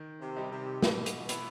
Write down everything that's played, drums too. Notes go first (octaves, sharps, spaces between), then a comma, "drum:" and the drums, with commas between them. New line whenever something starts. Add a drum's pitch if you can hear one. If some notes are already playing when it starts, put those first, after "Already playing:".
Already playing: D#3
C3
G3 D#4 G4
C3
B2 E3, drum: snare
drum: hi-hat
B3 E4, drum: hi-hat